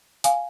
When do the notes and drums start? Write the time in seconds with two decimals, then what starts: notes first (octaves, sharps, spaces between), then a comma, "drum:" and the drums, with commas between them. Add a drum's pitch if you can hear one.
0.24 F5 G#5, drum: hi-hat